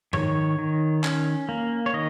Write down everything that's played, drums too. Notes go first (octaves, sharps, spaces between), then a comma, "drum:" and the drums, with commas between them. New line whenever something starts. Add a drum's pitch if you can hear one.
D#3 C#5, drum: tom G#2
D#3
C#4, drum: clap
A#3
C#5
D#3 D#5